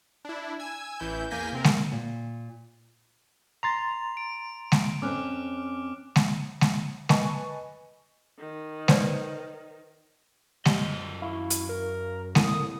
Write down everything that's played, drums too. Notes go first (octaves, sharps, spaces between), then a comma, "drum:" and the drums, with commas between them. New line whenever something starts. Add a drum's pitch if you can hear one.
D4 E4
G#5 E6 G#6
A1 E3 E4 G6
E2 A#3 G#5 G6 A#6 B6
C3 C4 A#4
drum: snare G#3
A#2
A#5 C6 A6 F7
D7
drum: snare G#3
F2 C4 C#4 D6 F6 F#6
drum: snare G#3
drum: snare G#3
B4 D#5 G#5 A5 C#6, drum: snare G#3
D#3
B4 C5 D5, drum: snare G#3
F#2 G3 D#5, drum: snare G#3
E4 F5 C#6
drum: hi-hat
A#4
C2 A2 A#3 D#6, drum: snare G#3